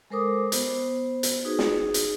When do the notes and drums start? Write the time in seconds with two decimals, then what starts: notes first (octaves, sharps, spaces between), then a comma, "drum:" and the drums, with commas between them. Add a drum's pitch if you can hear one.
0.10 G#3 A4 A#4 C5 D6 D#6
0.52 B3 C5, drum: hi-hat
1.23 drum: hi-hat
1.45 D#4 F#4 G#4 B4
1.59 drum: snare
1.94 drum: hi-hat